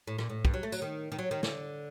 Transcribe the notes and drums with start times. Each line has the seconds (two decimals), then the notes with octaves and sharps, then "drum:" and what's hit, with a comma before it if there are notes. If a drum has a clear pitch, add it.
0.07 A2
0.18 A#2, drum: rim click
0.30 A2
0.45 G2, drum: kick
0.54 F#3
0.63 A3
0.72 F#3, drum: tambourine
0.82 D#3
1.12 D#3
1.19 F#3
1.31 D#3
1.43 D3, drum: snare